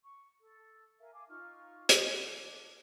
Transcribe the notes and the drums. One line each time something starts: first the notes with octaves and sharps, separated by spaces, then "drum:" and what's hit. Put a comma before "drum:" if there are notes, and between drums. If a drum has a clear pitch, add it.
C#6
A4
A#4 E5 F5 G#5
F5 G#5 A5 D6
D#4 F4 C#6 F6
drum: hi-hat
D4